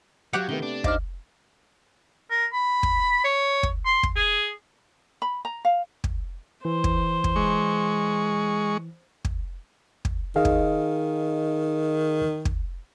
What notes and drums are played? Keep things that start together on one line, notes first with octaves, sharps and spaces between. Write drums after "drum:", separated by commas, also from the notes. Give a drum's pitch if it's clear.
F#3 G4 F5 F#5
C3 D#3 A3 B3 G7
D4
D#4 C5 D#5 F5 D6 F6, drum: kick
A#4
B5
drum: kick
C#5
drum: kick
C6
drum: kick
G#4
B5
A#5
F5
drum: kick
E3 C5
drum: kick
drum: kick
G#3 C#6
drum: kick
drum: kick
D#3 G#4 D#5 F5
drum: kick
drum: kick